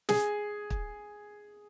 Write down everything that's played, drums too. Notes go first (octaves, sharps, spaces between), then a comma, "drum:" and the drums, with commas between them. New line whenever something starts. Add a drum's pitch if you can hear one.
G#4, drum: snare
drum: kick